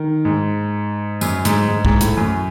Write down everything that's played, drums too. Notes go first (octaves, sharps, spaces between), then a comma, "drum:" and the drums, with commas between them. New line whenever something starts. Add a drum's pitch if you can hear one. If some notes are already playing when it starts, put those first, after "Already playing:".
Already playing: D#3
G#2
F#2, drum: tambourine
G#2, drum: hi-hat
G#2
G#2, drum: kick
A2, drum: hi-hat
F#2